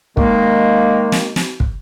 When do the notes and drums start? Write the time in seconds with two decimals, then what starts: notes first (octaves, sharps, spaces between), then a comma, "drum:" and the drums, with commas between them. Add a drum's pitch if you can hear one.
0.17 D#3 G#3 A#3, drum: kick
1.12 drum: snare
1.36 drum: snare
1.60 drum: kick